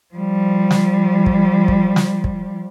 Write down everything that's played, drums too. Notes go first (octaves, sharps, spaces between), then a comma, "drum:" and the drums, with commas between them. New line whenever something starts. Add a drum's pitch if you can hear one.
F3 G3
drum: snare
drum: kick
drum: kick
drum: snare
drum: kick